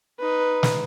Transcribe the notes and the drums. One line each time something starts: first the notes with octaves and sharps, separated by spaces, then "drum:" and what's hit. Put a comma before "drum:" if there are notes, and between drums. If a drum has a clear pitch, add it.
D#4 B4
drum: snare